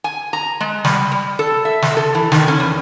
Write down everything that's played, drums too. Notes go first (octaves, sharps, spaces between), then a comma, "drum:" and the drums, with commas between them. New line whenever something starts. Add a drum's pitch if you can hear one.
G#5
A#5
G#3
G3, drum: snare
G3
A4
E5
drum: snare
A4
E3
D#3, drum: snare
C#4
E2